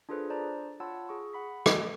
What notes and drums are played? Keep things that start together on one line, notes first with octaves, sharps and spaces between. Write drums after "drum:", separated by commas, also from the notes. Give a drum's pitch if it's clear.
D4 F4 G#4 A4 B4 C5
D4 C5 D5 A5 A#5
F4 C#5 F#5 A5 B5 E6
G#4 C#6
F#5 B5 B6
A3 A4 D7, drum: rim click